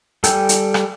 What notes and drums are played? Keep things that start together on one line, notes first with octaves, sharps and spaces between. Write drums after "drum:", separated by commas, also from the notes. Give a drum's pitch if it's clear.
G3 A4 G5 G#5 G6, drum: hi-hat
drum: hi-hat
drum: rim click